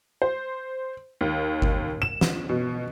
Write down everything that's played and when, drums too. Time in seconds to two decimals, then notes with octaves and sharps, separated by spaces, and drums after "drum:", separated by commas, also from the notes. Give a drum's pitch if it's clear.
0.22 C5
1.21 D#2
1.62 drum: kick G1
2.02 E7
2.21 drum: snare
2.49 B2